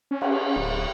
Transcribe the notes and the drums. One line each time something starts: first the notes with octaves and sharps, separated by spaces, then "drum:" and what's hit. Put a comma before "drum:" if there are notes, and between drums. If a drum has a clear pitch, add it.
C#4
drum: cymbal
D1